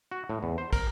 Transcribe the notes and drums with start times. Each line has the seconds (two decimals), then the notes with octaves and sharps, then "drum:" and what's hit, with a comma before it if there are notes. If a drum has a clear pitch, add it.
0.11 F#4
0.30 A2
0.43 E2
0.58 C5
0.73 A#4, drum: kick, cymbal